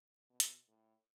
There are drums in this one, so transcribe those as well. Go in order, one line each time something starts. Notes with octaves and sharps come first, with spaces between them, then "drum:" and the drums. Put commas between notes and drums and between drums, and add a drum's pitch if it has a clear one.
B2
drum: hi-hat
A2